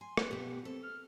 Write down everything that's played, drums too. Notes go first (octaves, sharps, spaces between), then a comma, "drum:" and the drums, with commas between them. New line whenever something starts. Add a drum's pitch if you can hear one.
G#5 C6
B4, drum: rim click
B2 B3 G4
C4 A4
F6